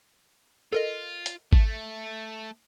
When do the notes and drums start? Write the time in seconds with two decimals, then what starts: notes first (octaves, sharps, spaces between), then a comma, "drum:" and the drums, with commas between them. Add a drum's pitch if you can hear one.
0.73 F4 A4 A#4 D#5
1.26 drum: hi-hat
1.53 A3, drum: kick G#1